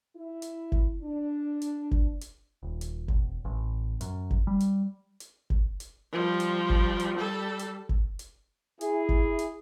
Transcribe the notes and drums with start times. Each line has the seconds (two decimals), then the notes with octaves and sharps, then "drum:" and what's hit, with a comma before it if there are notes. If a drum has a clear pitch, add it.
0.16 E4
0.42 drum: hi-hat
0.72 drum: kick G1
1.03 D4
1.62 drum: hi-hat
1.91 drum: kick G1
2.21 drum: hi-hat
2.63 D#1
2.81 drum: hi-hat
3.08 E1, drum: kick G1
3.45 A1
4.01 F#2, drum: hi-hat
4.31 drum: kick G1
4.47 G3
4.60 drum: hi-hat
5.20 drum: hi-hat
5.50 drum: kick G1
5.80 drum: hi-hat
6.13 F3 G3
6.40 drum: hi-hat
6.70 drum: kick G1
7.00 drum: hi-hat
7.16 G3 A4
7.59 drum: hi-hat
7.89 drum: kick G1
8.19 drum: hi-hat
8.81 E4 G#4, drum: hi-hat
9.09 drum: kick G1
9.39 drum: hi-hat